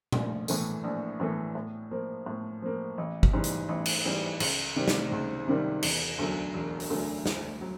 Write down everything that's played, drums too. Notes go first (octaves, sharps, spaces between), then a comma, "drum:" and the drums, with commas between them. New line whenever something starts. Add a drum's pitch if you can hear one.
A#1, drum: tom A#2
A2 E3 A3, drum: tambourine
A#1
A2 E3 A3
A2
F3 A#3
A2
F3 A#3
A1
drum: kick G#1
G#2 E3 G3
drum: hi-hat
A1
drum: cymbal
G#2 E3 G3
C#2, drum: cymbal
C3 D#3 G3
drum: snare
C#2
C3 D#3 G3
E1, drum: cymbal
D2 D3 F#3 A3
E1
drum: open hi-hat
D2 D3 F#3 A3
D2, drum: snare
F#3